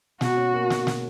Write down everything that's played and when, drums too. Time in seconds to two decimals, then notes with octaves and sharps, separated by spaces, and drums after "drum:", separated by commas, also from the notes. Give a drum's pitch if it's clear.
0.21 B2 F#4, drum: snare
0.37 C#4
0.54 A#3
0.70 B2, drum: snare
0.87 B2, drum: snare